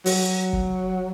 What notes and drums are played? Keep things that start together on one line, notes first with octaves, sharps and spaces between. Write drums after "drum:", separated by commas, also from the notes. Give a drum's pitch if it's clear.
F#3, drum: open hi-hat
drum: kick